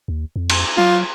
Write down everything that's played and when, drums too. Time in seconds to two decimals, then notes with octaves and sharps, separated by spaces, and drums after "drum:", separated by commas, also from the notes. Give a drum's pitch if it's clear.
0.08 D#2
0.36 F2
0.50 drum: cymbal
0.77 F#3 F4